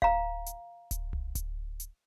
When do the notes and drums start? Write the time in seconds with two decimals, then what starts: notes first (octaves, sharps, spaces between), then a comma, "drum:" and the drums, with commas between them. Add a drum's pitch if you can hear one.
0.02 F5 A#5, drum: kick D1
0.46 drum: hi-hat
0.91 drum: kick D1, hi-hat
1.13 drum: tom C2
1.35 drum: kick D1, hi-hat
1.80 drum: hi-hat